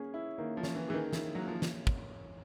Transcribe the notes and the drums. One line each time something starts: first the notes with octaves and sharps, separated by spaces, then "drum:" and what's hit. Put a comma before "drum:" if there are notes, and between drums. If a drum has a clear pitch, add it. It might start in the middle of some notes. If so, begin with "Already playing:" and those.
Already playing: A#3 C#4 G#4
E4
D#3 A#3
F3
C#4, drum: snare
E3
E3 G#4
D#3
E4, drum: snare
F#3 A#3
F3
drum: snare
drum: kick